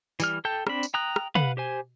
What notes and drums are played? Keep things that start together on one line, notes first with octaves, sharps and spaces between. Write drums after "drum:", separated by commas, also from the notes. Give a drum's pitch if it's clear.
E3 G3 F6, drum: tambourine
A4 G5 A5 G6
C4 D4 B5, drum: rim click
drum: tambourine
G5 A#5 D#6 F#6
drum: rim click
B4 F5 F#5 B5, drum: tom
G4 C5 G#5